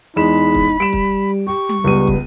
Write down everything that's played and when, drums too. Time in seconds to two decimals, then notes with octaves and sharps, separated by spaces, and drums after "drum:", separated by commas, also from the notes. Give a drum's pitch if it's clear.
0.16 E2 G#3 D#4 B5 E7
0.55 drum: kick
0.80 G3 D7 E7
0.93 drum: kick
1.47 G4 C#6
1.69 drum: tom G3
1.84 C#2 G3 B3 D#7
2.07 drum: kick